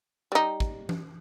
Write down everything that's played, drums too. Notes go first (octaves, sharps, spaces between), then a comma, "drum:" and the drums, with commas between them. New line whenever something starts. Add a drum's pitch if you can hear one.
G3 D#4
drum: kick
drum: tom E3